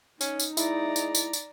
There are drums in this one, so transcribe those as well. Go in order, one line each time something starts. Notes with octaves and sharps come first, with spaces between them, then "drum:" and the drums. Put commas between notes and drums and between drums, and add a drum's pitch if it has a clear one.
C#4 D#4, drum: tambourine
drum: tambourine
G#3 E4 D5 A#5, drum: tambourine
drum: tambourine
drum: tambourine
drum: tambourine